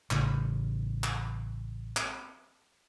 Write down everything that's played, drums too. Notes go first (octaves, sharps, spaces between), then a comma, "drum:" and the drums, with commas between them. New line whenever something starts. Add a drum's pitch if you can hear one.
A1 C#3, drum: clap
drum: clap
drum: clap